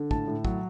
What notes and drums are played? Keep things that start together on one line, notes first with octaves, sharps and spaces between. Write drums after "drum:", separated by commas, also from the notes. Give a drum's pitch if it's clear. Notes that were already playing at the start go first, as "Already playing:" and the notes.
Already playing: D3
A2 A5, drum: kick
A2
F#3, drum: kick